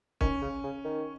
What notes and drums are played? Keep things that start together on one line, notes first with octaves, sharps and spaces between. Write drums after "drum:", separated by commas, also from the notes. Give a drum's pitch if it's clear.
D#3 C#4, drum: kick
C#3
C#3
D#3